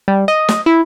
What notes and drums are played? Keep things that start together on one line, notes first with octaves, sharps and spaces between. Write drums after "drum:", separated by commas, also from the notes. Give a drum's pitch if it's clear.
G3
D#5
drum: snare
E4